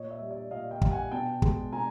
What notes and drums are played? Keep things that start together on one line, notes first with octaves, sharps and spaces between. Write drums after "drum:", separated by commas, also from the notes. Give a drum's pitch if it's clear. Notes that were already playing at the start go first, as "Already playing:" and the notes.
Already playing: A#2 C#5 D#5
D5 E5
G3
D5 E5
A#2 D#5 F5
F5 G5
G3, drum: kick
F#5 G#5
B2 G5 A5
G#3, drum: kick
B2 G#5 A#5